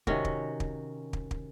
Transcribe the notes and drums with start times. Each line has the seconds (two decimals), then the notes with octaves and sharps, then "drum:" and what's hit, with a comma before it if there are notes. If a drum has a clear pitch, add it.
0.07 C3 D#3 C#4 F#4, drum: kick
0.25 drum: kick
0.60 drum: kick
1.13 drum: kick
1.31 drum: kick